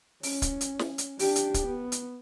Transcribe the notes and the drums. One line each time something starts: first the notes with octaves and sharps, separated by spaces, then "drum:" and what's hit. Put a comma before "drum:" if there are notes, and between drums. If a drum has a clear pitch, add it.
C#4, drum: open hi-hat
drum: kick, hi-hat
drum: hi-hat
drum: snare
drum: hi-hat
D4 G4, drum: open hi-hat
drum: hi-hat
drum: kick, hi-hat
B3
drum: hi-hat